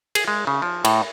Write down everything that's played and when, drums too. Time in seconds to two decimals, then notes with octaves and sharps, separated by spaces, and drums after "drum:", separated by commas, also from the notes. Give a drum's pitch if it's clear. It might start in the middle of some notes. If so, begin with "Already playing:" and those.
0.15 G#4, drum: cymbal
0.28 G#3
0.47 C#3
0.62 F3
0.85 A2, drum: cymbal